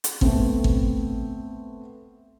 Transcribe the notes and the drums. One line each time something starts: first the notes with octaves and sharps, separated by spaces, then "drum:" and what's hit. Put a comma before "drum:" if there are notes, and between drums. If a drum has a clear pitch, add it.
drum: hi-hat
A3 B3 C4, drum: kick
drum: kick